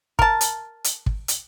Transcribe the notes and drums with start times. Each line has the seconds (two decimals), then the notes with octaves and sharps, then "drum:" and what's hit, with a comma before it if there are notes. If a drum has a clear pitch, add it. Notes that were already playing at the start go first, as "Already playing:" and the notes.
0.19 A#4 A5, drum: kick
0.41 drum: hi-hat
0.84 drum: hi-hat
1.06 drum: kick
1.28 drum: hi-hat